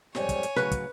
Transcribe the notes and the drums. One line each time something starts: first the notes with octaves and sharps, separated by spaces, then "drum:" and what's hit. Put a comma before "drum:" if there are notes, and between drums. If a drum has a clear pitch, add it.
F2 G#2 G3 C#5 G#5, drum: snare
drum: kick, hi-hat
drum: hi-hat
A2 C#3 F#3 B4, drum: snare
drum: kick, hi-hat